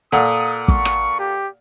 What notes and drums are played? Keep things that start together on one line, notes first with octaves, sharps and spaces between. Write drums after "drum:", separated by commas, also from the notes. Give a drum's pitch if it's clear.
A#2 A4 F5 F#5 D#6
C#6, drum: kick
drum: rim click
G4